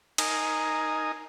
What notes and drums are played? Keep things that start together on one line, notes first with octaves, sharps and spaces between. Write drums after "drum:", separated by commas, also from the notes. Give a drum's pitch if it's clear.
D#4 A#4 G#5 D#6, drum: cymbal